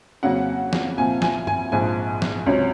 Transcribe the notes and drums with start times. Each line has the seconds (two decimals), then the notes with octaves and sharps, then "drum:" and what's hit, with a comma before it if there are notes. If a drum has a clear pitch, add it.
0.23 F2 C#3 F#3 A#3 C#4 F#5
0.73 drum: snare
0.97 C2 A#2 F3 G#5
1.22 G#5, drum: snare
1.47 G#5, drum: tom
1.72 A#1 G#2 F3 G#5
2.22 drum: snare
2.46 C#2 C3 F#3 C#4